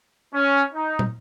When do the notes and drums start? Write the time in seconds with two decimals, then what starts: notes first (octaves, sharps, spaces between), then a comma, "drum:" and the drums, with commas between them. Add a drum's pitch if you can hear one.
0.33 C#4
0.73 D#4
0.99 drum: tom